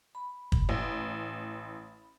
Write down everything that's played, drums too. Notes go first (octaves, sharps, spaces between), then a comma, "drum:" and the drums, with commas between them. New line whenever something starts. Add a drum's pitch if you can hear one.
B5
drum: kick
A1